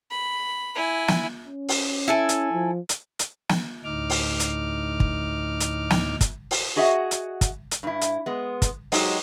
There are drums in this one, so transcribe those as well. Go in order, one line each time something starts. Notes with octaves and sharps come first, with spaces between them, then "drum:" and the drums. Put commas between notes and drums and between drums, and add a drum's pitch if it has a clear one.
B5
E4 G#5
drum: snare
C#4
drum: open hi-hat
E4 A4 G#5
drum: hi-hat
F3
drum: hi-hat
drum: hi-hat
drum: snare
D2 A2 D#4 D6 F6
drum: open hi-hat
drum: hi-hat
drum: kick
drum: hi-hat
drum: snare
drum: kick, hi-hat
drum: open hi-hat
F#4 G#4 D#5 E5 F#5
drum: hi-hat
drum: kick, hi-hat
drum: hi-hat
G2 E4
drum: hi-hat
G#3 B3
drum: kick, hi-hat
F#3 G#3 D#4 G4, drum: open hi-hat